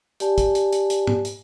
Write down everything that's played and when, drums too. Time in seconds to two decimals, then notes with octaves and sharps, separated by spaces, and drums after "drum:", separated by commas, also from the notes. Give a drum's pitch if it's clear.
0.20 G4 D5 G#5 A5, drum: hi-hat
0.38 drum: kick, hi-hat
0.55 drum: hi-hat
0.73 drum: hi-hat
0.90 drum: hi-hat
1.07 drum: tom G#2
1.25 drum: hi-hat